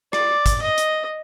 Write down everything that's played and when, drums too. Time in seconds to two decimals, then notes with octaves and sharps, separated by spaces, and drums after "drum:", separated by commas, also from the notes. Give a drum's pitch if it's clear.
0.13 D5, drum: rim click
0.46 drum: kick, hi-hat
0.62 D#5
0.78 drum: hi-hat